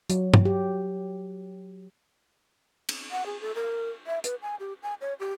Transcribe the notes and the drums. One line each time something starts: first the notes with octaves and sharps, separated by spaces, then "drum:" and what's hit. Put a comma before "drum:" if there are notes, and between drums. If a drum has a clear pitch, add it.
F#3, drum: hi-hat
drum: tom
G4
drum: cymbal
F#5
G#4
A4
A#4
E5
B4, drum: hi-hat
G#5
G4
G#5
C#5
G4